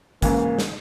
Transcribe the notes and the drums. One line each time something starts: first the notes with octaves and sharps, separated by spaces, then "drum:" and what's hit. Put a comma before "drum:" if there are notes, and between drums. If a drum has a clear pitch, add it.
G#2 C#3 E3 A#3, drum: kick, hi-hat
drum: snare